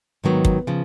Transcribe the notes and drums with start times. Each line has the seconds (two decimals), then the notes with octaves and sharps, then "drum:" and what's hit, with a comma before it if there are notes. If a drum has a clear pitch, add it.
0.24 G#2 D#3 F#3 B3
0.45 drum: kick
0.67 C#3 F3